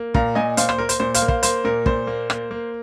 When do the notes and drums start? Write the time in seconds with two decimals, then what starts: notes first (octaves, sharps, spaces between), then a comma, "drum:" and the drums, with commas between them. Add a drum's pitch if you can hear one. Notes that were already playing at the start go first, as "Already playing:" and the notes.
Already playing: A#3
0.14 A#2 F5 A#5, drum: kick
0.35 A#2 D#5 G#5
0.57 A#2 C5 F5, drum: hi-hat
0.69 C5, drum: rim click
0.78 A#3 A#4
0.89 C5, drum: hi-hat
1.00 A#2 C5
1.14 C5 F5, drum: hi-hat
1.22 A#3
1.28 C5 F5, drum: kick
1.43 A#3 C5, drum: hi-hat
1.64 A#2 A#4
1.86 A#2 C5, drum: kick
2.07 A#3
2.30 A#3, drum: rim click
2.51 A#3